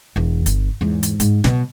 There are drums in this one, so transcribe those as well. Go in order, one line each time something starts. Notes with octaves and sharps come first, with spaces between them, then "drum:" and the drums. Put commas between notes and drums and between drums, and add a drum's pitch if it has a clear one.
E1 E2
G1, drum: hi-hat
E2 G#2
drum: hi-hat
G#2, drum: hi-hat
B2 F#3, drum: snare